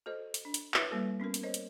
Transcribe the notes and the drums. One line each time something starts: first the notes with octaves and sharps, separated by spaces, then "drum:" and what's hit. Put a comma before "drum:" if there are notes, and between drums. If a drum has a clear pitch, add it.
F#4 A4 C5 D#5
drum: hi-hat
D4
drum: hi-hat
E4 F#4 B4 C#5 E5, drum: clap
G3 A#3 F#4 A4 B4
B3 C#4 F#4 A#4
drum: hi-hat
A#4 C5 C#5 D#5
drum: hi-hat